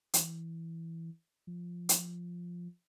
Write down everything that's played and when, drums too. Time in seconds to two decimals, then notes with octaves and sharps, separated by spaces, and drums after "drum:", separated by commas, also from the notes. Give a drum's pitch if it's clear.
0.14 E3, drum: hi-hat
1.47 F3
1.89 drum: hi-hat